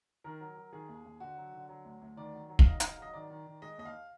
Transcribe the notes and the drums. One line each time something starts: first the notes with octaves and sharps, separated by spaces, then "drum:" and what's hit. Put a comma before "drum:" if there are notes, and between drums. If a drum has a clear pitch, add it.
D#3 A#4
F#3
F#3
D#3 G#4
D#2
D#2
D3 F#4
F#3
D3
F#3
D2
D2
D#3 D5
F#3
F#3
F5, drum: kick
G#2 D#5
G#2 D#5, drum: hi-hat
F5
F#3 D#5
D#3 D5
D#3
D#3
G#3 D#5
D#2 D#5
F5